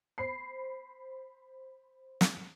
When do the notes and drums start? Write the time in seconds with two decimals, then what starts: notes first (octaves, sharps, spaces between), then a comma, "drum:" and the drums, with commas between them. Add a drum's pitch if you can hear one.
0.18 C5 B5 C7
2.21 drum: snare